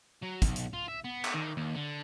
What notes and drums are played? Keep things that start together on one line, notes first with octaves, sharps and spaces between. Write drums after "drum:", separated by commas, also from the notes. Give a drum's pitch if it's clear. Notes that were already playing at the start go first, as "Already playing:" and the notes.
F#3
B1, drum: kick, hi-hat
drum: hi-hat
F4
E5
B3
drum: clap
D#3
D#2
D3